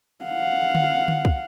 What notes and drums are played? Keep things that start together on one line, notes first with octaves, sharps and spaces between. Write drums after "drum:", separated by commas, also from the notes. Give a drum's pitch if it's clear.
F5 F#5
drum: tom D3
drum: tom D3
drum: kick